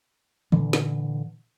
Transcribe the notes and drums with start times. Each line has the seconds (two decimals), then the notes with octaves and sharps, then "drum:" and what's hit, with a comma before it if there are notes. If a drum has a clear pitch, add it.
0.52 A#2 D3 E3, drum: tom D#3
0.73 drum: snare